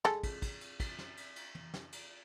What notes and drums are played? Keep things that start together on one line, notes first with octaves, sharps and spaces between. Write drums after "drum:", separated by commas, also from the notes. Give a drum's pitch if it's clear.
G#3 A4, drum: snare
drum: kick, cymbal
drum: kick, cymbal
drum: cymbal
drum: kick, cymbal
drum: snare
drum: cymbal
drum: cymbal
drum: tom
drum: snare
drum: cymbal